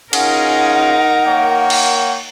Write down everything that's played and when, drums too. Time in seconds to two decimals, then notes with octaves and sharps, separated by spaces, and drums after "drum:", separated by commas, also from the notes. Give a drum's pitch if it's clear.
0.13 C#4 D#4 F4 G#4 A#4 F#5, drum: cymbal
1.26 A#3 C#5 G5
1.70 drum: cymbal